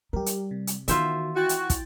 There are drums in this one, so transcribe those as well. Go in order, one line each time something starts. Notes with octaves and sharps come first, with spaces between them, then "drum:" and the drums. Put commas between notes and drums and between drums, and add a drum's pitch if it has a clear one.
G3 G4 A#4
drum: hi-hat
C3
drum: hi-hat
D#3 E3 B3 F4 F#4 C5 E5, drum: hi-hat
E4 F#4 G5 A6
drum: hi-hat
drum: kick, hi-hat